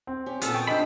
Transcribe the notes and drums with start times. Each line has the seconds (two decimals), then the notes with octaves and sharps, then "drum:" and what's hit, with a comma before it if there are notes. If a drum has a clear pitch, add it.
0.07 C4
0.26 C#4 G4
0.42 A#2 B3 F4 G#4 A4, drum: hi-hat
0.54 G5 C#6 D#6
0.67 D4 G4 C5 D#5 E5 B5